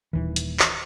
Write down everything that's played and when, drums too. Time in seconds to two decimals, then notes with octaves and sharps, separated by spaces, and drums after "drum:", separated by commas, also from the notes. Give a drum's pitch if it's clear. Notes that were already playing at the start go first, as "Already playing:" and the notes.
0.13 D#1 D#2 E3
0.36 drum: hi-hat
0.59 drum: clap